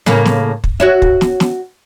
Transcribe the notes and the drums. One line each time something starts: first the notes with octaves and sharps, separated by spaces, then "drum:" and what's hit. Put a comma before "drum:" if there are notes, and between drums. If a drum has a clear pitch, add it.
A2 C#3 A#3, drum: snare
drum: snare
drum: kick
F#4 C#5 E5
drum: kick
drum: snare
drum: snare